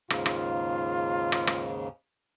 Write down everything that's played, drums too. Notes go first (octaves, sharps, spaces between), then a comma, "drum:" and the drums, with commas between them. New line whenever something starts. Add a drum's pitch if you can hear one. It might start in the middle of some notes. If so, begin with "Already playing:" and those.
D#2 G#2 C#3 F4, drum: rim click
drum: rim click
drum: rim click
drum: rim click